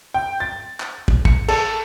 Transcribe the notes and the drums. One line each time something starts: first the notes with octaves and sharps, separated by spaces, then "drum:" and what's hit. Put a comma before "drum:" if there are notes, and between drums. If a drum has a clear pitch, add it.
G5
A6
drum: clap
drum: kick
C#7, drum: kick
A4, drum: cymbal